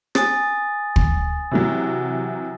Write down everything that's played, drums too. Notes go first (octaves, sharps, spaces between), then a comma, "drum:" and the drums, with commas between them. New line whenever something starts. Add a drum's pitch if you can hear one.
G#5 D#6 A6, drum: rim click
drum: kick
C3 E3 F#3